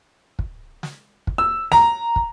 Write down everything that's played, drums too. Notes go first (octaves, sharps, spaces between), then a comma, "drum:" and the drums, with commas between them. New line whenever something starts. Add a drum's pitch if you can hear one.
drum: kick
drum: snare
drum: kick
E6
A#5, drum: snare
drum: kick